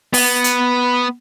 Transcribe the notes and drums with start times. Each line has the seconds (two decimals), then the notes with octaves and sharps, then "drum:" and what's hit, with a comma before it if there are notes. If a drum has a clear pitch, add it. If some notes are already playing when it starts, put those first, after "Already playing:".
0.14 B3, drum: open hi-hat
0.44 drum: hi-hat